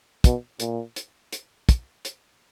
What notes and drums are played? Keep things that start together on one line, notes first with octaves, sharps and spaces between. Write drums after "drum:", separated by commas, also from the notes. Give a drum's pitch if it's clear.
B2, drum: kick, hi-hat
A#2, drum: hi-hat
drum: hi-hat
drum: hi-hat
drum: kick, hi-hat
drum: hi-hat